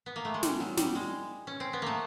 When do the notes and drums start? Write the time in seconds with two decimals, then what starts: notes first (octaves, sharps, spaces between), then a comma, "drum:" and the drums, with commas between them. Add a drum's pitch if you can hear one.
0.06 B3
0.16 A#3
0.25 A3
0.34 G#3
0.43 G3, drum: snare
0.60 F#3
0.77 G3, drum: snare
0.95 G#3
1.47 C#4
1.60 C4
1.73 B3
1.82 A3 A#3